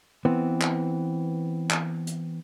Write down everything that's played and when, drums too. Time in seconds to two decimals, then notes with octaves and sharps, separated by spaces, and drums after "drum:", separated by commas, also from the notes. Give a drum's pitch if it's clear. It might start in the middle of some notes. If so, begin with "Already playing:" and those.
0.25 E3 B3 C4
0.61 drum: clap
1.70 drum: clap
2.07 drum: hi-hat